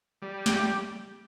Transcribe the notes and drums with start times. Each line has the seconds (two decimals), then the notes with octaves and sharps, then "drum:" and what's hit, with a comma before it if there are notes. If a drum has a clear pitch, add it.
0.22 G3
0.46 G4, drum: snare